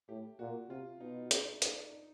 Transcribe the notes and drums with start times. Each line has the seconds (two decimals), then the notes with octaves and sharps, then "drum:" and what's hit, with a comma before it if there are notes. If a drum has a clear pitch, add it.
0.09 A2 G4
0.39 A#2 F#4
0.69 C3 F4
1.00 B2 D#4
1.31 D4, drum: hi-hat
1.41 D#4
1.51 D#4
1.62 D4, drum: hi-hat
1.92 D#4